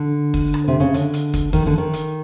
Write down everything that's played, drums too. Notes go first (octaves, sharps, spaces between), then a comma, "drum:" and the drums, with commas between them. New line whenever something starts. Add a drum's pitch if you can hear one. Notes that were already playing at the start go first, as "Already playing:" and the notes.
Already playing: D3
drum: kick, open hi-hat
drum: rim click
C3
C#3
D3, drum: hi-hat
drum: hi-hat
drum: kick, hi-hat
D#3, drum: kick, open hi-hat
D3
D#3
drum: hi-hat